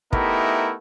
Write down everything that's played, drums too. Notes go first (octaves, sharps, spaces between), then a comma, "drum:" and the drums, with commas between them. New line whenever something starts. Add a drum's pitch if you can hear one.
A3 B3 D#4 E4 G4 A#4, drum: kick